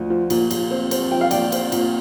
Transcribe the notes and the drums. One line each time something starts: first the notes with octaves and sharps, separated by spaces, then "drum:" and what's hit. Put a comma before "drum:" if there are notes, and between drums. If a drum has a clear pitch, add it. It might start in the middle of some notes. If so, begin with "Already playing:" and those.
Already playing: D2 F3
F3
A#2, drum: cymbal
A#2, drum: cymbal
C4
C4, drum: cymbal
F3 G5
F5
A#2 D5 G5, drum: cymbal
C4, drum: cymbal
A#2, drum: cymbal